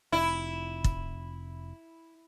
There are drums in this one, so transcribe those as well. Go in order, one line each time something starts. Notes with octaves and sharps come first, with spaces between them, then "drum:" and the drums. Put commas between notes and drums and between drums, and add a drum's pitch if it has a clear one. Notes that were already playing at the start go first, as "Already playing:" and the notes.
F1 E4
drum: kick